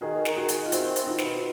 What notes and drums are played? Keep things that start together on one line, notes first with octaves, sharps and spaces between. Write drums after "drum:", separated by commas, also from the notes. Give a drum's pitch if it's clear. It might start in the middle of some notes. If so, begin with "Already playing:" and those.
D#3 F#4 G#4
D#3, drum: snare
F#4 G#4
D#3, drum: hi-hat
F4
C4 E4 F#4, drum: hi-hat
C4, drum: hi-hat
D#4 F4
B2, drum: snare